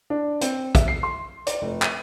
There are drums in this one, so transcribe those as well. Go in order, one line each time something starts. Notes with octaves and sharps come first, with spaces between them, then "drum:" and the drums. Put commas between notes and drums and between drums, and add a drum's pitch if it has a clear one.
D4
C4, drum: hi-hat
E5, drum: kick, hi-hat
C7
C6
D5, drum: hi-hat
F1
D#7, drum: clap